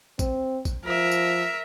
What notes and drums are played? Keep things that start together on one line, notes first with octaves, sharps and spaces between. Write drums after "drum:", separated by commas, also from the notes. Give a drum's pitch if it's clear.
C4, drum: kick, tambourine
drum: kick, tambourine
F3 A#4 E5
drum: tambourine